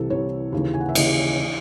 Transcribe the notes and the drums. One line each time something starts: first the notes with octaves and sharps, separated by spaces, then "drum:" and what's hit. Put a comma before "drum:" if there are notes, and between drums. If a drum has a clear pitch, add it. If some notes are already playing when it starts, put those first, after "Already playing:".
Already playing: C2 C3 E3 A4
C2 C3 E3 C#5
D#2 C#3 E3
G#5
F#5
E5
D#2 C#3 E3 D#5, drum: cymbal
E3